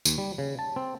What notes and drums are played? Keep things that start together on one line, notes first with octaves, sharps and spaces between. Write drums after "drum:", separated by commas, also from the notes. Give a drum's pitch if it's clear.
D#2, drum: tambourine
G3
C#3
A5
C4